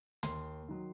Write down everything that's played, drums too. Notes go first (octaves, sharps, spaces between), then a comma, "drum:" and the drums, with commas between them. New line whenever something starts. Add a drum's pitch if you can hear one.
D#2 C6, drum: hi-hat
D#3 F#3